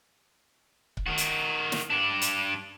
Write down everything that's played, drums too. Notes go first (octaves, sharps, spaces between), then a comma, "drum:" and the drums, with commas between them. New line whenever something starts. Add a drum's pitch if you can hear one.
drum: kick C#1
D#3 F#4
drum: hi-hat
drum: snare
G2 D4
drum: hi-hat